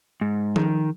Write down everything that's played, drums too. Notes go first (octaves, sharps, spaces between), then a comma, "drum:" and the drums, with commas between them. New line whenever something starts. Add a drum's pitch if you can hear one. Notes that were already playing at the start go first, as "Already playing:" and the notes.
G#2
D#3, drum: tom F3